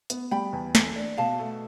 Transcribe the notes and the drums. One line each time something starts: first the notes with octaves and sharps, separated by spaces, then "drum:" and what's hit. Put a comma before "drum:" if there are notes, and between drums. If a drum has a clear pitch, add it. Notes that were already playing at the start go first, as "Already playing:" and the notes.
B3, drum: hi-hat
G3 G5 B5
E2
A3, drum: snare
D4
B2 F5 A5
A3